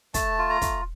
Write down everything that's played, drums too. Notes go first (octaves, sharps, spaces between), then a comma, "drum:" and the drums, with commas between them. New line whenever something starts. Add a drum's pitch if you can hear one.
A3 A5, drum: kick, hi-hat
F4
A#5
A3, drum: kick, hi-hat